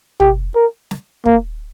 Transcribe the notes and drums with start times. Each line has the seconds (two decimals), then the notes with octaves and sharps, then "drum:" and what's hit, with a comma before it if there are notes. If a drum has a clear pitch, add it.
0.20 G4, drum: tom
0.55 A#4
0.91 drum: snare
1.26 A#3, drum: kick